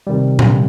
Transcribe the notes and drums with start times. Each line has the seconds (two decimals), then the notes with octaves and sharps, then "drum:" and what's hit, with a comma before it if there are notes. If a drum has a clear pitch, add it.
0.07 C3 D#3 G3
0.39 drum: tom A#2